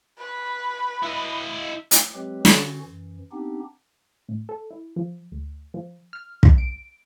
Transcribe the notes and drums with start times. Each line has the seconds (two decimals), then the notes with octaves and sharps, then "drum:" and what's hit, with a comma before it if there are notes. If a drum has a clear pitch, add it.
0.18 B4
1.03 E4 D#5
1.91 drum: hi-hat
2.14 F#3 G#3 C4 G4 B4
2.45 D3 C#4 F#4, drum: snare
2.83 F#2 E3
3.32 B3 C4 D4 D#4 G4
4.29 A2
4.49 A4
4.71 E4
4.96 F3
5.32 D2
5.74 F3
6.13 F6
6.43 C#3, drum: kick
6.58 D7